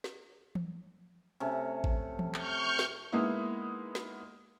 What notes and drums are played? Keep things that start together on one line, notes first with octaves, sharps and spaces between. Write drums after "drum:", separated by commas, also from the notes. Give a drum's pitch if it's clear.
drum: snare
drum: tom E3
C3 A3 C#4
drum: kick A1
drum: tom E3
C#6 F6 G6, drum: clap
drum: snare
G#3 A#3 B3 D#4 E4
drum: snare